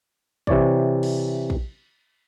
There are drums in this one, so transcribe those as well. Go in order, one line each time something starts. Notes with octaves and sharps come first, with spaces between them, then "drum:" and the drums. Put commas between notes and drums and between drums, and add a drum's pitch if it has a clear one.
C3 E3 C#5 D5, drum: kick
drum: cymbal
drum: kick